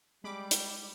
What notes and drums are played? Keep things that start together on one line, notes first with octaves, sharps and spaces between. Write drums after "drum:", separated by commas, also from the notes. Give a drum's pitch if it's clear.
G3 G#3 B5 D6
drum: hi-hat